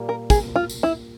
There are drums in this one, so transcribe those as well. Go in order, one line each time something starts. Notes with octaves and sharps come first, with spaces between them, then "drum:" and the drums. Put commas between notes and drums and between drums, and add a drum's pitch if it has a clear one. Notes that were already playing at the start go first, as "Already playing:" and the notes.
Already playing: A#2 G3 A#3
A#4
G#4, drum: kick, tambourine
F4
drum: tambourine
E4